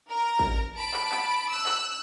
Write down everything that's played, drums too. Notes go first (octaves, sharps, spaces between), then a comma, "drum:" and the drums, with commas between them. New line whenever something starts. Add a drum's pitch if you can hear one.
A#4 A#5
drum: kick A1
A5 B5 D7
drum: clap
drum: clap
E6 F#6
drum: clap